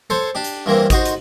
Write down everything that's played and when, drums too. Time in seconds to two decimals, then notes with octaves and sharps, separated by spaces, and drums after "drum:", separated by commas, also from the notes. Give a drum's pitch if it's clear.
0.10 A4 C5 C#5
0.35 D4 G4
0.44 drum: hi-hat
0.66 G2 E3 A#3 C4
0.90 D#4 F#4 C5, drum: kick G#1, hi-hat
1.05 drum: hi-hat